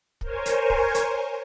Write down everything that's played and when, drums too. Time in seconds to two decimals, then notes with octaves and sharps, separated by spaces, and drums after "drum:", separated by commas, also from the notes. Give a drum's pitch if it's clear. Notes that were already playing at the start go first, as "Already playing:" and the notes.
0.21 A#4 C5 C#5 G#5, drum: kick
0.45 drum: hi-hat
0.70 drum: kick
0.94 drum: hi-hat